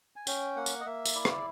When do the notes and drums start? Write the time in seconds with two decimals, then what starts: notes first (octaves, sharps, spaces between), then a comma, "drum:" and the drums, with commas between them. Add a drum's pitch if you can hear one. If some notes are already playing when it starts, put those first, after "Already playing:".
0.16 G#5
0.27 C#4 G5, drum: tambourine
0.56 A#3 F#5
0.66 drum: tambourine
0.80 D#5
0.86 A#3 E5
1.05 drum: tambourine
1.15 E4 D5
1.25 drum: rim click